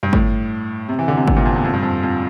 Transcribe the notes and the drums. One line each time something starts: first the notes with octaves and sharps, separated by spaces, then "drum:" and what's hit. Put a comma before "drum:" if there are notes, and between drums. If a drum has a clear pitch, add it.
G2
A2, drum: kick
C3
E3
D3
C3
C3, drum: kick
A#2
F2
E2
F2
G2
F2
F2